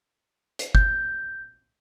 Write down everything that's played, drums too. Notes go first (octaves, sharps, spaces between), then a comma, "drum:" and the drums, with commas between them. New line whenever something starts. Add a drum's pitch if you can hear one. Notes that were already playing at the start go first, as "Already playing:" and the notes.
drum: hi-hat
G6, drum: kick